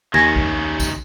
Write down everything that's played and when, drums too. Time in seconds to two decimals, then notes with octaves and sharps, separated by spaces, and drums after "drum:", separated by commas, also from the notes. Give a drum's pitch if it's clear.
0.14 D#2 D#3 C#4 G#5 G#6 A#6
0.36 drum: kick A1
0.80 drum: kick A1, tambourine